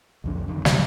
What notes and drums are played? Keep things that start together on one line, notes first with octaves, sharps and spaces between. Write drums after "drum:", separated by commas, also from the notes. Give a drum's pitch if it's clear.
C2 F2 D3
F2 D#3
E2 B2 F#3 G3, drum: snare